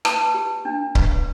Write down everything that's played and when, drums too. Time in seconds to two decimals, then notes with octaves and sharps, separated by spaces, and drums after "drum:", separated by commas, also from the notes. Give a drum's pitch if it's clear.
0.05 B4 A5, drum: rim click
0.34 G4
0.65 D4
0.95 B4, drum: kick C#1